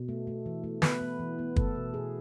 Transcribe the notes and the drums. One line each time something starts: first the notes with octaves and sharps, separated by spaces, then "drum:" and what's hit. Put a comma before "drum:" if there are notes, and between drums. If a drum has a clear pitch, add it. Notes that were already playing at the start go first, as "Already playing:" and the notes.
Already playing: B2
A3
A3
E3
A3
B3 B4, drum: snare
B3
E3
B3
A3 A4, drum: kick
B2
B2 G#4